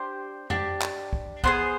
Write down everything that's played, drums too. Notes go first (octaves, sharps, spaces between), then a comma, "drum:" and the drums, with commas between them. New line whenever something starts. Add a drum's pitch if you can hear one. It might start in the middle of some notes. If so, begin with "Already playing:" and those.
Already playing: D4 G4 C5
D4 G4, drum: tom F2
drum: clap
drum: kick
B3 F4 G#4 C5, drum: kick